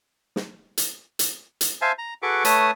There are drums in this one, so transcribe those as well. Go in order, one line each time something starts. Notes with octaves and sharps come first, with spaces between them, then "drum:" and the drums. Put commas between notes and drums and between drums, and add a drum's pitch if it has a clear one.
drum: snare
drum: hi-hat
drum: hi-hat
drum: hi-hat
C5 E5 F5 G#5 A5
A#5
F#4 G#4 A4 B4 C#6 D6
A3 B4 C#5 A5 D#6, drum: hi-hat